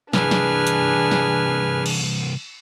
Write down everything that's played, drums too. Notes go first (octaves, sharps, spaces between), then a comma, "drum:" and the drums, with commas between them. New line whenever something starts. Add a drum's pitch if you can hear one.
C2 E3 D4 G#4 B4 G#5 F6, drum: snare
drum: snare
drum: hi-hat
drum: snare
drum: cymbal